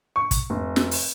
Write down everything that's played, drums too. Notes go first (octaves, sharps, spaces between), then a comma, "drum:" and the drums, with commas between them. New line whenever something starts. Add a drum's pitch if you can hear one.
C#6
drum: kick, hi-hat
F1
drum: snare
drum: open hi-hat